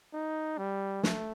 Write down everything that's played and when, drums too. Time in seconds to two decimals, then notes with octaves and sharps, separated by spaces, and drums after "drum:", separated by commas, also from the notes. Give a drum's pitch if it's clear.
0.13 D#4
0.58 G3
1.03 A3, drum: snare